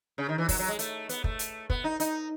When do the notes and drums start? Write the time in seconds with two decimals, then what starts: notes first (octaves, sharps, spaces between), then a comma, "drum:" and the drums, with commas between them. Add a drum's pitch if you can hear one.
0.18 C#3
0.29 D#3
0.38 E3
0.49 F#3, drum: kick, open hi-hat
0.59 F#3
0.68 G#3
0.79 A3, drum: hi-hat
1.09 B3, drum: hi-hat
1.24 A3, drum: kick
1.39 drum: hi-hat
1.70 B3, drum: kick
1.84 D#4
2.00 D#4, drum: hi-hat